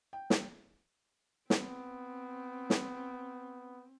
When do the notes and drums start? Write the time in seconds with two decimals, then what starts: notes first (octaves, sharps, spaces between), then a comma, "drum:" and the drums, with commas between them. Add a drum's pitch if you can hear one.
0.13 G5
0.30 drum: snare
1.50 B3 C4, drum: snare
2.70 drum: snare